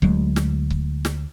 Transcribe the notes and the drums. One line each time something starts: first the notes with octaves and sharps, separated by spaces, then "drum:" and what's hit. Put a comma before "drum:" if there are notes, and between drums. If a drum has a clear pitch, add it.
D2 F#3 G#3 A3, drum: kick C#1
drum: snare
drum: kick C#1
drum: snare